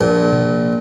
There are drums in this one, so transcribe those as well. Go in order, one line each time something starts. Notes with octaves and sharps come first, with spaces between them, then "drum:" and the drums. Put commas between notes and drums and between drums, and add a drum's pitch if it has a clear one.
A#1 A#2
drum: tom A#2